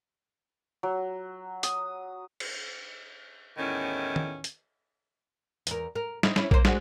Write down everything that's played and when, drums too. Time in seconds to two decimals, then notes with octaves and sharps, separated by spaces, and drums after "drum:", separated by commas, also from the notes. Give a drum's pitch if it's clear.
0.83 F#3
1.63 D#6, drum: hi-hat
2.40 drum: cymbal
3.57 E2 A2 D#3 C#4
4.16 drum: tom
4.44 drum: hi-hat
5.67 E2 A#4, drum: hi-hat
5.96 A#4
6.23 C4 D#4 E4, drum: snare
6.36 C#4 E4, drum: snare
6.51 A#3 C5, drum: kick A#1
6.65 G#3 D4 F#4, drum: snare